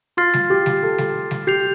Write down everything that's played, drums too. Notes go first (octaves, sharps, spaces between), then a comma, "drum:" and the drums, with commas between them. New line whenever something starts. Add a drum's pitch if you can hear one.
F4 C6 F6 A6 C7
drum: snare G3
G4
drum: snare G3
A4
drum: snare G3
drum: snare G3
G4 G6 C7 F7